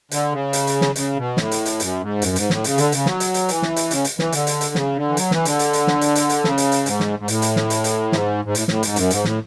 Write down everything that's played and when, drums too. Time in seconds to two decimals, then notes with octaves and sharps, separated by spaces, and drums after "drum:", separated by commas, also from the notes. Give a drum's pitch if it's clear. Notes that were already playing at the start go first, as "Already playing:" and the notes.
0.11 D3, drum: hi-hat
0.32 C#3
0.53 drum: hi-hat
0.67 drum: hi-hat
0.81 drum: snare
0.96 C#3, drum: hi-hat
1.17 B2
1.37 A2, drum: snare
1.51 drum: hi-hat
1.66 drum: hi-hat
1.80 F#2, drum: hi-hat
2.01 G#2
2.22 F#2, drum: hi-hat
2.36 G#2, drum: hi-hat
2.50 A2, drum: snare
2.64 C#3, drum: hi-hat
2.78 D3, drum: hi-hat
2.92 C#3, drum: hi-hat
3.06 F#3, drum: snare
3.20 drum: hi-hat
3.34 drum: hi-hat
3.49 E3, drum: hi-hat
3.62 drum: snare
3.76 drum: hi-hat
3.91 C#3, drum: hi-hat
4.05 drum: hi-hat
4.19 E3, drum: snare
4.32 D3, drum: hi-hat
4.47 drum: hi-hat
4.61 drum: hi-hat
4.75 C#3, drum: snare
4.96 D3
5.09 E3
5.17 F#3, drum: hi-hat
5.31 E3, drum: snare
5.45 D3, drum: hi-hat
5.59 drum: hi-hat
5.73 drum: hi-hat
5.87 drum: snare
6.01 drum: hi-hat
6.15 drum: hi-hat
6.29 drum: hi-hat
6.44 C#3, drum: snare
6.58 drum: hi-hat
6.72 drum: hi-hat
6.86 G#2, drum: hi-hat
7.00 drum: snare
7.19 G#2
7.28 A2, drum: hi-hat
7.42 drum: hi-hat
7.56 drum: snare
7.70 drum: hi-hat
7.84 drum: hi-hat
8.12 G#2, drum: snare
8.45 G#2
8.55 A2, drum: hi-hat
8.68 A2, drum: snare
8.83 G#2, drum: hi-hat
8.96 F#2, drum: hi-hat
9.10 G#2, drum: hi-hat
9.24 A2, drum: snare